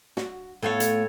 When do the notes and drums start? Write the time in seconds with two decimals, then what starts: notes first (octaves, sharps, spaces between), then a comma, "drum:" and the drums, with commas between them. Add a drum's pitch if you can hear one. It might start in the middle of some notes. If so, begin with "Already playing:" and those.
0.17 F#4, drum: snare
0.62 A2 A3 B3 F4 A4 C#5
0.80 drum: hi-hat